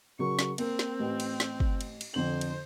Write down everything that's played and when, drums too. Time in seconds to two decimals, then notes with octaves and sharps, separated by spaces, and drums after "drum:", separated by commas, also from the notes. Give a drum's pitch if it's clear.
0.19 C#3 F#3 A#4 C#6
0.39 drum: snare
0.58 A#3 C4 A#4, drum: cymbal
0.79 drum: snare
0.99 A1 B4
1.20 drum: cymbal
1.40 drum: snare
1.60 drum: kick
1.81 drum: cymbal
2.01 drum: cymbal
2.14 F2 D3 C5 F#7
2.41 drum: cymbal